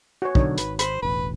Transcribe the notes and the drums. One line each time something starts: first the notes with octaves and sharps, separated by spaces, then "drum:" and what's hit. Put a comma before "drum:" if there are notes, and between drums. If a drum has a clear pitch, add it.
F#4 C#5
B2 D3 F#3 D#4 C#5, drum: kick
G#1 B4, drum: hi-hat
C5 B5, drum: hi-hat
E1 A1 B4